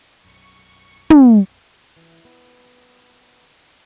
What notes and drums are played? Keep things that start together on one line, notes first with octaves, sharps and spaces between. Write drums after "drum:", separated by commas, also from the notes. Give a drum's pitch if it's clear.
B1 F#2 C#6
drum: tom
E3
B3